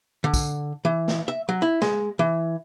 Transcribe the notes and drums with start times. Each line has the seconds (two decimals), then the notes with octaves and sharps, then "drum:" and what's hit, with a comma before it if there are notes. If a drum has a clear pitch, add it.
0.24 D3
0.34 drum: kick, tambourine
0.85 E3
1.08 drum: snare
1.28 E5
1.49 F#3
1.62 E4
1.82 G#3, drum: snare
2.19 E3